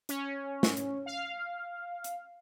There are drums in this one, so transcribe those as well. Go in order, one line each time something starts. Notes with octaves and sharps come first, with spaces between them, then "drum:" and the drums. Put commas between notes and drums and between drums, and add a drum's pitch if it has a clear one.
C#4, drum: hi-hat
drum: snare
drum: hi-hat
F5
drum: hi-hat